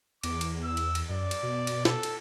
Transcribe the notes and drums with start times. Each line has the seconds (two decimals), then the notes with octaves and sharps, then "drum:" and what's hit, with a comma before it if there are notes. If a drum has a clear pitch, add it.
0.23 E2 D6, drum: cymbal
0.41 drum: cymbal
0.64 E6
0.77 drum: cymbal
0.95 drum: cymbal
1.09 F#2 D5
1.31 drum: cymbal
1.43 B2
1.67 drum: cymbal
1.85 A4, drum: snare
2.03 drum: cymbal